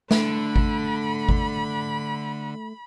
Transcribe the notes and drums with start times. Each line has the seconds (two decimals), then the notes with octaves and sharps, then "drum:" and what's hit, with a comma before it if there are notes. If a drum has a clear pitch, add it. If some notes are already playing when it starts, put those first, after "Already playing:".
0.11 D3 A3 B5, drum: snare
0.56 drum: kick G#1
1.29 drum: kick G#1